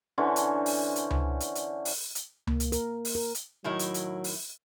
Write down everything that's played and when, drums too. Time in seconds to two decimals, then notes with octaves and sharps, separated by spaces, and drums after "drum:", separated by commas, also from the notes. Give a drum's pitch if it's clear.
0.18 D3 E3 C#4 C5
0.36 drum: hi-hat
0.66 drum: open hi-hat
0.96 drum: hi-hat
1.11 drum: tom C#2
1.40 drum: hi-hat
1.55 drum: hi-hat
1.85 drum: open hi-hat
2.15 drum: hi-hat
2.47 A#3, drum: tom C#2
2.60 drum: hi-hat
2.72 A#4, drum: hi-hat
3.05 drum: open hi-hat
3.15 A#4
3.35 drum: hi-hat
3.64 A2 D#3 F#3 E4
3.79 drum: hi-hat
3.94 drum: hi-hat
4.24 drum: open hi-hat